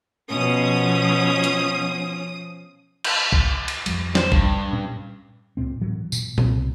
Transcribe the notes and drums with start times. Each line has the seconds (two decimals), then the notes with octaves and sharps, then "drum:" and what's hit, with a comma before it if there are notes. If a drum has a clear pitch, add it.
0.30 B2 F3 C#4 D#6
1.44 drum: hi-hat
3.04 drum: cymbal
3.32 drum: kick
3.68 drum: cymbal
3.86 F2 F3 G3, drum: cymbal
4.15 C5, drum: snare
4.32 G2, drum: kick
4.72 A#2 C#4
5.57 C#2 A#2 C4
5.81 A2 E3 F#3
6.12 A#2, drum: tambourine
6.38 C2 C4, drum: tom A#2